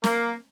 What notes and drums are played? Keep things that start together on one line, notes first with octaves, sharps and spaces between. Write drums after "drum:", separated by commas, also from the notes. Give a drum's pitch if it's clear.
A#3, drum: snare